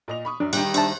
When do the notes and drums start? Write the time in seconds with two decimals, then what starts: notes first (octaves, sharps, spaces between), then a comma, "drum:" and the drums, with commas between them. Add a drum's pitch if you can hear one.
0.08 A#2 D#5 F7
0.25 B5 C#6 D#6
0.40 F#2 D4
0.53 D#3 G3 G5 F#6, drum: cymbal
0.74 D4 C5 E5 A5, drum: cymbal